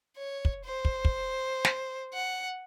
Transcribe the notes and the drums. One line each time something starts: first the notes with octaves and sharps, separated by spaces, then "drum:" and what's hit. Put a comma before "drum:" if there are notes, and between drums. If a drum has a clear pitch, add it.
C#5
drum: kick
C5
drum: kick
drum: kick
drum: snare
F#5